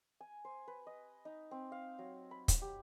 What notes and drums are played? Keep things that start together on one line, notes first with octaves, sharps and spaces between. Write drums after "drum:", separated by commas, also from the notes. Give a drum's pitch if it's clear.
G#5
C5
B4
D#5
D#4
C4
F5
F#3
B5
drum: kick, hi-hat
G4